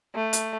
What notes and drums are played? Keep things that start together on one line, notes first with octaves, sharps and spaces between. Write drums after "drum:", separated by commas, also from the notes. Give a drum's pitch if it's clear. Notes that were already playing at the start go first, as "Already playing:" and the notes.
A3
drum: hi-hat